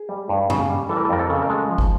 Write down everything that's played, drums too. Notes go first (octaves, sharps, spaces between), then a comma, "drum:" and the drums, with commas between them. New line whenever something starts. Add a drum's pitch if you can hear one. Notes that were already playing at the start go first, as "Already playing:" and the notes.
Already playing: G#4
G3
G2
C#3, drum: tom G2
G3
E3 A4
A#4
A4
F2 A#4
A4
C#3 A#4
A4
A#4
G#3 A4
F3
drum: kick